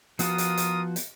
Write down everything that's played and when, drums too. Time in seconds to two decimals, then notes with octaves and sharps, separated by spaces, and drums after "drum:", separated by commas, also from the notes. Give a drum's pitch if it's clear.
0.19 F3 B3 F4 F#4 A#4 D#6, drum: hi-hat
0.38 drum: hi-hat
0.57 drum: hi-hat
0.96 drum: hi-hat